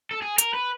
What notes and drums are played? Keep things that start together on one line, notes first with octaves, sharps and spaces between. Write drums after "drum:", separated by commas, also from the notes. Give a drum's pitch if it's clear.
A4
G#4
A#4, drum: hi-hat
B4